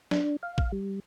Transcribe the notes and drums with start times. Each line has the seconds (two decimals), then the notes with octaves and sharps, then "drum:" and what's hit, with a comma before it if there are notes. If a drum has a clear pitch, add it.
0.11 D4, drum: snare
0.43 F5
0.58 drum: kick A1
0.72 G3